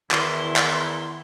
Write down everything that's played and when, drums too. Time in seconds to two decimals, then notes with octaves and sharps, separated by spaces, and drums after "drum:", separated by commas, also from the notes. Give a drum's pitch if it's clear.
0.11 E2 D#3 E4 C6, drum: clap
0.56 drum: clap